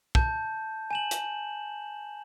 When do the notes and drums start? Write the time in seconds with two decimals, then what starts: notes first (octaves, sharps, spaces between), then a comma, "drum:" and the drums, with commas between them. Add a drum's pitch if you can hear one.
0.15 A5 G6, drum: kick
0.91 G#5 E7 F#7
1.11 drum: hi-hat